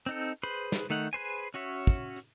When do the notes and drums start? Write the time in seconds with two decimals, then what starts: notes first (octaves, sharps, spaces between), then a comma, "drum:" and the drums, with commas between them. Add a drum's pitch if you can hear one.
0.06 C4 D#4 A4
0.43 G#4 B4 C5 B5 C6, drum: hi-hat
0.72 drum: snare
0.90 D#3 A3 D#4 F#5
1.13 G#4 B4 C5 G#5
1.54 C#4 F#4 C#5 E5
1.87 drum: kick
2.16 drum: hi-hat